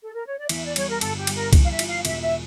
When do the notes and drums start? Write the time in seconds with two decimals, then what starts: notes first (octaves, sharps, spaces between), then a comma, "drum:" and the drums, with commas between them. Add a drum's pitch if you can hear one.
0.02 A4
0.14 A#4
0.27 C#5
0.38 D5
0.49 E2 E5, drum: cymbal
0.65 D5
0.76 G3 C#5, drum: cymbal
0.89 A#4
1.01 G1 A4, drum: cymbal
1.19 G4
1.27 G3, drum: cymbal
1.36 A#4
1.53 E3, drum: kick, cymbal
1.65 F5
1.71 E5
1.79 F4, drum: cymbal
1.87 F5
2.05 E1 E5, drum: cymbal
2.22 E5